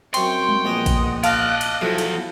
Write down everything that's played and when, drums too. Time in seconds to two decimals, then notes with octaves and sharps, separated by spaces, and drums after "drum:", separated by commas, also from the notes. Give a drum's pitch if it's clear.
0.14 F#2 C4 G5 C6 C#6, drum: cymbal
0.49 drum: tom G3
0.65 A#1 B3 C#4 D#5 F#5
0.86 drum: kick A1, cymbal
1.24 D5 D#5 F5 A5 F6 F#6, drum: cymbal
1.61 drum: cymbal
1.81 B1 E2 F3 A3 E4
1.98 drum: cymbal